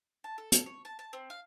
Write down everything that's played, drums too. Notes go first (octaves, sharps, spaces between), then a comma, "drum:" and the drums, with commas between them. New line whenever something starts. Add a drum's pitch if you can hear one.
A5
A4
A4, drum: hi-hat
C#5
A5
A5
C4
F5